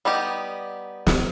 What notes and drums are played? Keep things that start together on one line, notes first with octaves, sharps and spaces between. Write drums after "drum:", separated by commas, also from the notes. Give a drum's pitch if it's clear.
G3 B3 D#4 G4
drum: snare